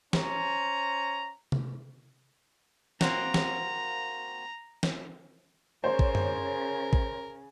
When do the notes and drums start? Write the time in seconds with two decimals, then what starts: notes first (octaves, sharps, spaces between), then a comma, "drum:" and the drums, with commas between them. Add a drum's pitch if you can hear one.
0.13 C#4 C5 A#5, drum: snare
1.52 drum: tom C3
3.01 A#3 C4 F#4 A#5, drum: snare
3.34 drum: snare
4.83 drum: snare
5.84 C#3 A#4 C5 C#5
5.99 drum: kick A1
6.15 drum: tom
6.93 drum: kick A1